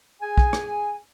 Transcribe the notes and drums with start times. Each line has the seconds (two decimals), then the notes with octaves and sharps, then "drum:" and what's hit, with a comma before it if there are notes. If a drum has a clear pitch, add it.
0.22 G#4 G#5
0.38 drum: kick
0.53 drum: rim click